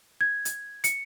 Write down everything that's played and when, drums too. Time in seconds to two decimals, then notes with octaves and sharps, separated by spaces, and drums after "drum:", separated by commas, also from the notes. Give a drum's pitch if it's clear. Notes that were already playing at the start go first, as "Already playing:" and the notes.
0.21 G#6
0.45 drum: hi-hat
0.84 C#7, drum: hi-hat